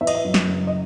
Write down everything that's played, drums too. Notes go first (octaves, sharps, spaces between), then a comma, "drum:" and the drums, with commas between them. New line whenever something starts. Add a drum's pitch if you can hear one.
E3 E5
D#5, drum: cymbal
E5
F#2
drum: snare
F#1
D#5